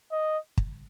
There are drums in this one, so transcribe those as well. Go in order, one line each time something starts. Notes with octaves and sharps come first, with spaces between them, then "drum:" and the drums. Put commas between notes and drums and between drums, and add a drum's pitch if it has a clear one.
D#5
drum: kick